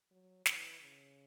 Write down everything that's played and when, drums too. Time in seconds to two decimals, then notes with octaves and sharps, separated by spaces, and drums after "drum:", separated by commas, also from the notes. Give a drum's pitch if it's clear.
0.11 F#3
0.46 E3, drum: snare
0.81 C#3